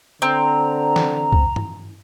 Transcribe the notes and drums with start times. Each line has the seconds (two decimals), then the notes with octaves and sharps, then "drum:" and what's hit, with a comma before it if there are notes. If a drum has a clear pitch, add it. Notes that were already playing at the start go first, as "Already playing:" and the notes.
0.22 D3 C4 A#5
0.96 drum: snare
1.32 drum: kick
1.56 drum: tom